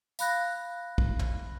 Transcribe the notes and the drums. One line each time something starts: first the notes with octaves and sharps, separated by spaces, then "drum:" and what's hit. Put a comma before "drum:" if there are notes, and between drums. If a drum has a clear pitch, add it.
F5 B5 F#6 A#6, drum: tambourine
drum: kick
drum: tom